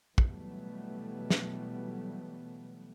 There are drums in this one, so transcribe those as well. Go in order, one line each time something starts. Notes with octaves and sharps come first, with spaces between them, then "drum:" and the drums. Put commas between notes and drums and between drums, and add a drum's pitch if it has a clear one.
B2 E3 F#3 G3 A3 B3, drum: kick
drum: snare